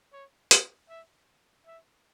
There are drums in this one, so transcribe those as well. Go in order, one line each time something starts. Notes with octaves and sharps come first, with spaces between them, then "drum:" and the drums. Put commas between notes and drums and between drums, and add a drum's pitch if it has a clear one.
C#5
drum: hi-hat
E5
E5